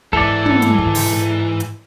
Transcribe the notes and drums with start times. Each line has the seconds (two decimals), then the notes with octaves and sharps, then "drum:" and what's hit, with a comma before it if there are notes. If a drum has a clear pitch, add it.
0.13 G#2 E3 A4 D5, drum: kick
0.46 drum: tom
0.62 drum: hi-hat
0.78 drum: kick
0.95 drum: open hi-hat
1.60 drum: hi-hat